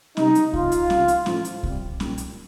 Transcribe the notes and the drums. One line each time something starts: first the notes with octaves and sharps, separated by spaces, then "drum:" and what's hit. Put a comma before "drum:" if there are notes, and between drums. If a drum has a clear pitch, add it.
C3 G3 D#4, drum: snare C#4
drum: hi-hat
C3 F3 F4, drum: kick C2
drum: hi-hat
C3 G3, drum: snare C#4
drum: hi-hat
A2 F3, drum: snare C#4
drum: hi-hat
C3 G3, drum: kick C2
A#2 G3, drum: snare C#4
drum: hi-hat